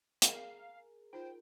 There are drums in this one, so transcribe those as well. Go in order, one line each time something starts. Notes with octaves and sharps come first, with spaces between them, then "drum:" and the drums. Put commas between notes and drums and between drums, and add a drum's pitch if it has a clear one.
G#4 A#4 F5, drum: hi-hat
D#4 F4 C5 G5